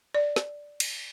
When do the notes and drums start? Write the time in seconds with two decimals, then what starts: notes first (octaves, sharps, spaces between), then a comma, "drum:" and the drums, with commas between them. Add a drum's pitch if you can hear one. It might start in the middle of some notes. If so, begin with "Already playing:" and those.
0.15 D5
0.36 drum: snare
0.80 drum: cymbal